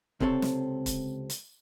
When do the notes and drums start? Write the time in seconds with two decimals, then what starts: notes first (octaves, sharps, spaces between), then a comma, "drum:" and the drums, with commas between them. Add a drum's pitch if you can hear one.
0.20 C#2 C3 C4 A4 C#5, drum: kick
0.42 drum: snare
0.86 drum: kick, hi-hat
1.30 drum: hi-hat